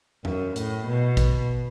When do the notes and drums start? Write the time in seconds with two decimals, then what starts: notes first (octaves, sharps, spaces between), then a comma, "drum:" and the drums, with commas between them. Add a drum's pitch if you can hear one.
0.25 F#2, drum: tom E2
0.56 A2, drum: hi-hat
0.87 B2
1.17 drum: kick, hi-hat